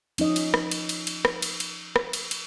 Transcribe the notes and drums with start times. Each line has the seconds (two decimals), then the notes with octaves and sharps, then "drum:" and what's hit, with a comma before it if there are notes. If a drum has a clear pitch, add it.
0.18 F3 C#4 D#4 D#5, drum: cymbal
0.36 drum: cymbal
0.54 drum: rim click
0.71 drum: cymbal
0.89 drum: cymbal
1.07 drum: cymbal
1.25 drum: rim click
1.42 drum: cymbal
1.60 drum: cymbal
1.96 drum: rim click
2.13 drum: cymbal
2.31 drum: cymbal